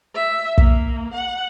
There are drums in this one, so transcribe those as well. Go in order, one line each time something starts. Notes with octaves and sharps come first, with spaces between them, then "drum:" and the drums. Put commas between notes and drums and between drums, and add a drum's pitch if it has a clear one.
E5
A#3, drum: kick
F#5